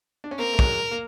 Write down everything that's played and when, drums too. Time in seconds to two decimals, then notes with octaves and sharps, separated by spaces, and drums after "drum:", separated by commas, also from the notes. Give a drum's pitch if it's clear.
0.24 D4
0.31 C#4
0.39 A#3 C4 A#4
0.53 A3
0.59 F#3 G#3, drum: kick
0.91 A#3